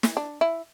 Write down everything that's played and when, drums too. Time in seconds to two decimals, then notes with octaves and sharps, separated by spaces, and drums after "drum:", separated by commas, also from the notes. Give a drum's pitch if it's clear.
0.03 drum: snare
0.17 D4
0.41 E4